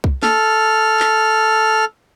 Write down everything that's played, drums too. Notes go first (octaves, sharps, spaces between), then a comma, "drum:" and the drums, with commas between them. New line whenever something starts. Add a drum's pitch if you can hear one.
drum: kick C2
A4 F6, drum: snare
drum: clap